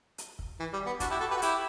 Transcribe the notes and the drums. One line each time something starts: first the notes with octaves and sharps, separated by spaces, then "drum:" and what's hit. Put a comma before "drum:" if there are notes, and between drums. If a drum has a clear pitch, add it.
drum: hi-hat
drum: kick
E3
G3
B3
D4 F#4, drum: kick, hi-hat
E4 G4
F#4 A4
G4 B4
F#4
E4 G4, drum: hi-hat